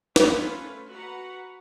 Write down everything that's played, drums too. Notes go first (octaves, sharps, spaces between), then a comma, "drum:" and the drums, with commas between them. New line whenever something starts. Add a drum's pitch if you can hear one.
A3 C#4 F4 B4, drum: snare
F#4 B4 F#5 A#5